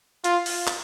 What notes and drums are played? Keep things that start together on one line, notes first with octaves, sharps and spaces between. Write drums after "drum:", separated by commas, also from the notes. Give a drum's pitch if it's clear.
F4, drum: hi-hat
drum: open hi-hat
drum: clap